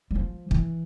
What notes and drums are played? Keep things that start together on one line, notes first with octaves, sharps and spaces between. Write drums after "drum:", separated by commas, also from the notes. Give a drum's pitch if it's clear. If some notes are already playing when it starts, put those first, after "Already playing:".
G3
F3
E3, drum: kick